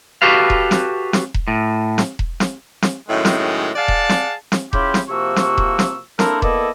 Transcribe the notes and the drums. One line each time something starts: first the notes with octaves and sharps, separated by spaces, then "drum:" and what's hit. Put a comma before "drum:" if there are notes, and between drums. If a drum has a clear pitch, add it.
F#4 G4 A4 B4 F5
drum: kick E1
drum: snare
drum: snare
drum: kick E1
A2
drum: snare
drum: kick E1
drum: snare
drum: snare
F#2 A2 D#3 G#3
drum: snare
G#4 D5 F5 F#5 A5
drum: kick E1
drum: snare
drum: snare
C#3 C#4 E4 F4 G4, drum: kick E1
drum: snare
C3 F3 A#3 F#4 C#6 E6
drum: snare
drum: kick E1
drum: snare
A#3 D4 E4 A4 A#4 C5, drum: snare
A#3 B3 E4 A4 D5 D#5, drum: kick E1